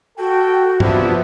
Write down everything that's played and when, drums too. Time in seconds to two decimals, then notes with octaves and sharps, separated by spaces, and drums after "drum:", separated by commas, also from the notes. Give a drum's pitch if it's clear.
0.18 F#4 A4 G5
0.80 C3 F3 B3 D4 E4, drum: tom G2